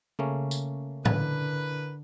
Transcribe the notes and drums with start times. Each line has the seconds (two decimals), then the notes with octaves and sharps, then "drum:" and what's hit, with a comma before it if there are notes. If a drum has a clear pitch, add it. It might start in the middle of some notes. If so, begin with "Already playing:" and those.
0.19 C#3 A3 A#3 C#4
0.51 drum: tambourine
1.05 D3 E4 A#4 B4, drum: tom G#2